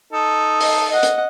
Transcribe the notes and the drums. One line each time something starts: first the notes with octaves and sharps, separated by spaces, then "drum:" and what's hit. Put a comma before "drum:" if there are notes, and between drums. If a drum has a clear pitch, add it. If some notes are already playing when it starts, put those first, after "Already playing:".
D#4 A4
D#5, drum: open hi-hat
D#5 F#5
drum: hi-hat